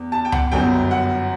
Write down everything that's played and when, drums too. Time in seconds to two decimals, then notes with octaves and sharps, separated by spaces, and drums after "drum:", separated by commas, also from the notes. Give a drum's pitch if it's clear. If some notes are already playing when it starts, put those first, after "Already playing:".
Already playing: E2
0.12 A5
0.25 G5
0.32 F#5, drum: tom C#2
0.51 G1 F#2 F#3 B3 G5
0.91 F#5